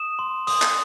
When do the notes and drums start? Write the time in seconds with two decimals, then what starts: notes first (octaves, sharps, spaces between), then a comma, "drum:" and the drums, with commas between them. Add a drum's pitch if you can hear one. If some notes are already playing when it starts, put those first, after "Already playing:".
Already playing: D#6 E7
0.19 C6
0.47 D#6, drum: open hi-hat
0.62 drum: clap